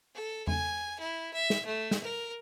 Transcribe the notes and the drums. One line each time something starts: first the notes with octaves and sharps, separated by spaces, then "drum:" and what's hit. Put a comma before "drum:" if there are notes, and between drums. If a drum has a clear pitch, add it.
A4
G#5, drum: tom E2
E4
E5
drum: snare
A3
drum: snare
A#4